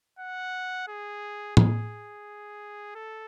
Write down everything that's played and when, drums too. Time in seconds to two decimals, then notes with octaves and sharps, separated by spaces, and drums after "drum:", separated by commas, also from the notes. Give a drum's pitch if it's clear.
0.19 F#5
0.88 G#4
1.57 G#4, drum: tom A2
2.96 A4